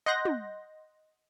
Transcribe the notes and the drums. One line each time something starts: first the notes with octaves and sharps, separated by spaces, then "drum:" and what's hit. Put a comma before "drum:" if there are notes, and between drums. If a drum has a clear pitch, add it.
D#5 F#5 C6 F#6 G6 A#6
drum: tom